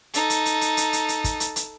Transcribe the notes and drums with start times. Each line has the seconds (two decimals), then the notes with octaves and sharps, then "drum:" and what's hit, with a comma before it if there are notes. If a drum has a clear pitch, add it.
0.14 D#4 A4, drum: hi-hat
0.30 drum: hi-hat
0.45 drum: hi-hat
0.61 drum: hi-hat
0.77 drum: hi-hat
0.93 drum: hi-hat
1.09 drum: hi-hat
1.24 drum: kick, hi-hat
1.40 drum: hi-hat
1.56 drum: hi-hat